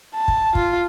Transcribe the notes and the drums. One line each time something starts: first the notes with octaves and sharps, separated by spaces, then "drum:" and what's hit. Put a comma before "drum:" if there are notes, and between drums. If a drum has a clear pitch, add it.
A5
drum: kick
F4, drum: kick